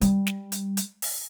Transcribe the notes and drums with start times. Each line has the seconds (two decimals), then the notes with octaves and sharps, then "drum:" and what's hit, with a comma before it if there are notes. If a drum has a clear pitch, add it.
0.01 G3, drum: hi-hat
0.27 drum: snare
0.52 drum: hi-hat
0.77 drum: hi-hat
1.02 drum: open hi-hat